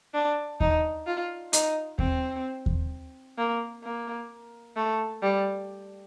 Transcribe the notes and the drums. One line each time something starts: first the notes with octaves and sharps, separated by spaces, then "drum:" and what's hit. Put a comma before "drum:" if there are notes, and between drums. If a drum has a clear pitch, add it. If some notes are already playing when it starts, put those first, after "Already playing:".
D4
D#4, drum: kick D#2
F4
D#4, drum: hi-hat
C4, drum: kick D#2
drum: kick D#2
A#3
A#3
A3
G3